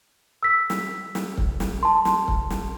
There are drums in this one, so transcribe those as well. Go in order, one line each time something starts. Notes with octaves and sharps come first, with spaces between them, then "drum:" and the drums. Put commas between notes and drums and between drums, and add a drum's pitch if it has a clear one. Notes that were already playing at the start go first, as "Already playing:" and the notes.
E6 B6
drum: snare
drum: snare
drum: kick C#1
drum: snare
A5 C6
drum: snare
drum: kick C#1
drum: snare